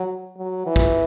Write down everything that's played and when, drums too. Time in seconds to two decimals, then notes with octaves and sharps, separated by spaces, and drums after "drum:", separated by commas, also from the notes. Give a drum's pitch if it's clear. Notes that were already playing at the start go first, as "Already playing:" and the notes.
Already playing: F#3
0.38 F#3
0.66 E3
0.76 drum: kick